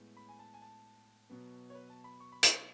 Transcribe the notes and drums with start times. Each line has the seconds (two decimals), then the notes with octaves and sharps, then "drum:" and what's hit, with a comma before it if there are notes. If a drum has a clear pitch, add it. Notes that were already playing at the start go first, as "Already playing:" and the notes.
Already playing: A2 G#3 B3
0.17 B5
0.29 G#5
0.39 A5
0.54 G#5
0.62 A5
1.30 B2 F#3 B3
1.70 C#5
1.75 B4
1.90 A5
2.04 B5
2.20 C#6
2.32 B5
2.43 C#6, drum: hi-hat